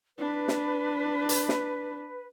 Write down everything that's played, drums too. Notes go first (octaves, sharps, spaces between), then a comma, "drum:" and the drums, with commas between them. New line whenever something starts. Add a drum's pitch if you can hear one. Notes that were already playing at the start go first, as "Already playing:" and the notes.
D4 B4
drum: snare
drum: hi-hat
drum: snare